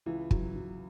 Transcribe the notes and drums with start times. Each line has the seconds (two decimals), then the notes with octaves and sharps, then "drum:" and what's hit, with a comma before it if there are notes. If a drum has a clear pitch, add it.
0.06 C#2 E3
0.31 F#3, drum: kick
0.55 F#3